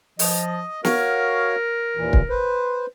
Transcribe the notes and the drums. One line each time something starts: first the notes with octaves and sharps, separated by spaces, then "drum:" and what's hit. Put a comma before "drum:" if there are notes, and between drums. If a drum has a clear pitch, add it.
F3 D#5, drum: open hi-hat
F#4 A#4 C#5 F5, drum: snare
D#2 A#2 E3
drum: kick
B4 C5